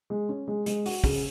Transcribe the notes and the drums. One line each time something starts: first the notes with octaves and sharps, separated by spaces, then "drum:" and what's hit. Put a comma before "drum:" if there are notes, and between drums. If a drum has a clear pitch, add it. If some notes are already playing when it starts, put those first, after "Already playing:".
G#3
C#4
G#3
G#3, drum: hi-hat
F#4, drum: open hi-hat
C#3, drum: kick, open hi-hat